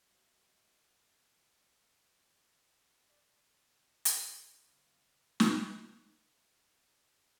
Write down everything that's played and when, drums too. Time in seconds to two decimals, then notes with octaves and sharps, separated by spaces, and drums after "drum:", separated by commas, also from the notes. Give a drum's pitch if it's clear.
0.08 F3 G#3 B3 F#4 D#5 F5
3.10 D5
4.05 drum: hi-hat
4.67 F#2 C#3 C4 C#4
5.40 drum: snare